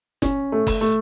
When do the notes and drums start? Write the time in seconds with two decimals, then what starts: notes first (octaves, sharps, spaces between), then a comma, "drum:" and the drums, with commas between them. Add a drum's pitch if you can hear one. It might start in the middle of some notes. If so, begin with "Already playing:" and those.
0.22 C#4, drum: kick F#1, hi-hat
0.52 A3
0.67 drum: kick F#1, open hi-hat
0.81 A3